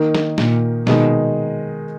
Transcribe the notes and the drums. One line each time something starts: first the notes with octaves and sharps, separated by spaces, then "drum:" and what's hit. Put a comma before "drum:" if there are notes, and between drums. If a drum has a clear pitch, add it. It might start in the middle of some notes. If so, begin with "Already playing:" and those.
Already playing: D#3 A#3 D#4
drum: snare
A#2, drum: snare
B2 D#3 G#3 D#4, drum: snare